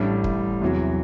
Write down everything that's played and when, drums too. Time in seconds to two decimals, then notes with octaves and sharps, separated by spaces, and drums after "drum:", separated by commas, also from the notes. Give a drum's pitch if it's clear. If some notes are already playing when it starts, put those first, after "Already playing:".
Already playing: A1 A2 G3 D4
0.24 drum: kick
0.62 E2 C3 F#3